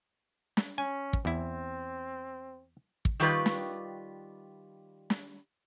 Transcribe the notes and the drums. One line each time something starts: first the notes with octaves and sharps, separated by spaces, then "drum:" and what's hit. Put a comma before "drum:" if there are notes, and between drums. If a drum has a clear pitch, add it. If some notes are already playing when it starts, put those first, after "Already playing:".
drum: snare
C#4 G#5
drum: kick
E2 C4 E4
drum: kick
D#3 G3 F4 B4
drum: snare
drum: snare